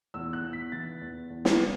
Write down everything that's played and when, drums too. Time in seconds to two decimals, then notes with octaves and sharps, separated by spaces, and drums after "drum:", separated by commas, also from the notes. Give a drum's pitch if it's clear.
0.14 E2 E6
0.33 F#6
0.43 E2
0.53 B6
0.72 E3 A6
1.01 E2
1.30 E2
1.45 drum: snare
1.60 C#3